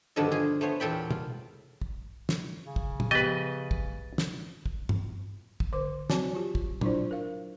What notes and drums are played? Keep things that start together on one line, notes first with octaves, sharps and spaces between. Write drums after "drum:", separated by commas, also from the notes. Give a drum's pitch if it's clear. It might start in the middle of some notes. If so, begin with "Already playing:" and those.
G2 B2 D3 D#3 F3 A4
F3 F4 G#4
A3 B3 C5 C#5
E2 A#2 A4 G5 B5
F4, drum: tom
drum: kick
drum: snare
C#3
drum: kick
drum: tom
F3 B3 G4 B4 D#5 A6
drum: kick
drum: snare
drum: kick
drum: tom G2
drum: kick
D3 C5 D6
F#3 C4 F#4 C#5 A5, drum: snare
F4 G4
drum: kick
F#3 D4 E4 F4 C5 D5, drum: tom
A#4 F5